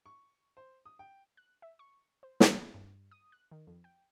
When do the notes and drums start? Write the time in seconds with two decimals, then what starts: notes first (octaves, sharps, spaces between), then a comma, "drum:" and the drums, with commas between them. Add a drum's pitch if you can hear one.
0.06 C#6
0.57 C5
0.86 D#6
0.99 G5
1.37 F#6
1.62 E5
1.79 C#6
2.23 C5
2.40 C#2, drum: snare
2.57 B3
2.74 G2
3.11 D#6
3.32 F#6
3.51 D#3
3.67 F2
3.84 G5